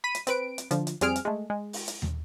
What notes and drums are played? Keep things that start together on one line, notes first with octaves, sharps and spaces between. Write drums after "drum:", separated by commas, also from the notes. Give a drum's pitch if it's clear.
B5 B6 D#7
drum: hi-hat
C4 B4 D7, drum: hi-hat
drum: hi-hat
D3 F3, drum: hi-hat
drum: hi-hat
F2 G3 C4 G#4 F6 D7, drum: hi-hat
drum: hi-hat
G#3 A3
G#3
drum: open hi-hat
drum: hi-hat
drum: tom